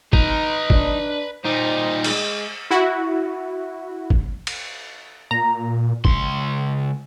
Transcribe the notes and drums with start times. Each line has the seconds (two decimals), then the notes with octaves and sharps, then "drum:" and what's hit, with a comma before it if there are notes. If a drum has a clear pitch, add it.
0.13 D#4 B4 A#5, drum: kick
0.70 D4, drum: kick
1.44 A#2 G3 D#4 C5
2.04 G#3, drum: cymbal
2.71 E4 F#4
4.10 drum: kick
4.47 drum: cymbal
5.31 A#2 A#5
6.05 C#2 C6, drum: kick